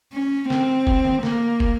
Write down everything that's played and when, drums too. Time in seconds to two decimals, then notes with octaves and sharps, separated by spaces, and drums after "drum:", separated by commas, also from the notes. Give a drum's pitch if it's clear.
0.13 C#4
0.50 C4, drum: snare
0.87 drum: kick
1.05 drum: tom D#3
1.23 A#3, drum: snare
1.60 drum: kick